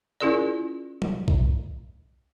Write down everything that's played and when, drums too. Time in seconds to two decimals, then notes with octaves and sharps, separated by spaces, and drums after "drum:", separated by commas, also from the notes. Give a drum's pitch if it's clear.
0.20 C#4 E4 F4 G#4 A#4 D5
1.02 drum: tom
1.28 drum: kick